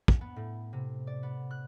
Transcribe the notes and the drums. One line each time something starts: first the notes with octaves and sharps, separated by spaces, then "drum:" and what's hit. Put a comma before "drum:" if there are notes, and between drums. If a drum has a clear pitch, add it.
drum: kick
B3
A2
C3
D5
B3
F#6